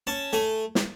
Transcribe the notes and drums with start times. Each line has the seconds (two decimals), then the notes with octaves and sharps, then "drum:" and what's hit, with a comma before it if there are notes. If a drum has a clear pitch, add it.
0.07 C#4 A5
0.33 A3 G#5
0.75 drum: snare